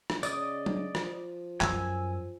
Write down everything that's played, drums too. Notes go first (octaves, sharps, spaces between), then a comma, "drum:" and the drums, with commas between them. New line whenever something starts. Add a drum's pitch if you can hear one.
drum: rim click
C#3 D5 D#5 D#6, drum: tambourine
drum: tom F#3
F3, drum: rim click
F#2 F3 G#5 E6, drum: clap